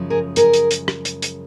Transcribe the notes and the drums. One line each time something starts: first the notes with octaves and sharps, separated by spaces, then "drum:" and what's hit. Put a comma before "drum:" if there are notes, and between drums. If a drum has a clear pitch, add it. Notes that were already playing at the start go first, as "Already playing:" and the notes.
Already playing: F#2 C#3 F3 G#3
G#4 A#4
G#4 A#4, drum: hi-hat
drum: hi-hat
drum: hi-hat
drum: rim click
drum: hi-hat
drum: hi-hat